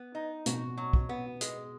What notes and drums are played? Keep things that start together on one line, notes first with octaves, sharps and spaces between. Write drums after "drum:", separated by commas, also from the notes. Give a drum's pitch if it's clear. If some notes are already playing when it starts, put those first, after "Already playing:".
Already playing: B3
D#4
B2 F#4, drum: hi-hat
F#3
drum: kick
B3
G#3, drum: hi-hat